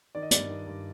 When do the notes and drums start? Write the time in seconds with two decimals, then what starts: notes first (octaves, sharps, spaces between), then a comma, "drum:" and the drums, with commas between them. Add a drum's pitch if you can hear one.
0.15 D#3 D5
0.23 D#5
0.31 G2 D5, drum: hi-hat
0.50 D#3
0.67 G2